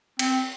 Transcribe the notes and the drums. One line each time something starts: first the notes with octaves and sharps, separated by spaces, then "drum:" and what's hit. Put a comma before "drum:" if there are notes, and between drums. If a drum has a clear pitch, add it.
C4, drum: cymbal